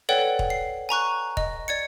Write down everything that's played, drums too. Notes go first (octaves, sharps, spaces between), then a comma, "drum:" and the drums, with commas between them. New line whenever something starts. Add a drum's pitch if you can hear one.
A4 B4 C#5 D5 F#5 G5
drum: kick
C7
G#5 A#5 C#6 F#6
D#5, drum: kick
D5 G#6 C#7